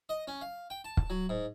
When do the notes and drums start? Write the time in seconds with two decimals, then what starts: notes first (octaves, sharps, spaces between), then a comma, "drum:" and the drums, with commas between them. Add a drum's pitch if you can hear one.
0.09 D#5
0.27 C#4
0.41 F5
0.70 G5
0.85 A5
0.97 drum: kick
1.10 F#3
1.29 G#2